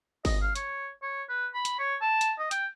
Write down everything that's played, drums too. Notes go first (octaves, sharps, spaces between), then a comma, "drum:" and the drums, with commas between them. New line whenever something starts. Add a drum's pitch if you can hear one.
D#5, drum: kick G1, open hi-hat
F5
C#5, drum: hi-hat
C#5
B4
B5
drum: hi-hat
C#5
A5
drum: hi-hat
D#5
G5, drum: hi-hat